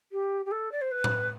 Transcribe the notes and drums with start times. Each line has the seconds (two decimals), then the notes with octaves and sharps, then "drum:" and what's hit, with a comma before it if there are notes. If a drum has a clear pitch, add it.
0.11 G4
0.45 G4
0.51 A4
0.71 D5
0.81 C5
0.91 B4
1.04 drum: tom A2